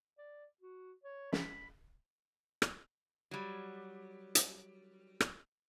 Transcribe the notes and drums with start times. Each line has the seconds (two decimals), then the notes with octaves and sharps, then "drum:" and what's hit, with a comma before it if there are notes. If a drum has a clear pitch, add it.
0.18 D5
0.61 F#4
1.04 C#5
1.33 B5, drum: snare
2.62 drum: rim click
3.31 F#3 G3
4.35 drum: hi-hat
5.20 drum: rim click